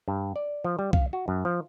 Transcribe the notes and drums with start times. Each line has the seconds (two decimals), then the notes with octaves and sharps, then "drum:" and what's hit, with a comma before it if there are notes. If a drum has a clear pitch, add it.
0.08 G2
0.36 D5
0.64 F3
0.79 G3
0.93 F5, drum: kick C2
1.13 F#4
1.28 F#2
1.45 F3